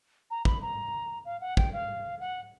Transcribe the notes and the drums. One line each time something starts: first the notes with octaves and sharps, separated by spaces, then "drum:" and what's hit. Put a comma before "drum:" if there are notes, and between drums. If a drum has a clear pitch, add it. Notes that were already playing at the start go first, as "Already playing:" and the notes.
A#5
B5, drum: kick
A#5
F5
F#5
G5, drum: kick
F5
F#5